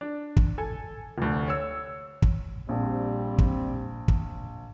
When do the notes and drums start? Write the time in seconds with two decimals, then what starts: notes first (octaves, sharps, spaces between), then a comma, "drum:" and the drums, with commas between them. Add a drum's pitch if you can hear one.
0.01 D4
0.37 drum: kick
0.58 A4 G#5
1.18 F1 D2
1.48 C#5 E6
2.22 drum: kick
2.69 A#1 G3 C4
3.38 drum: kick
4.08 drum: kick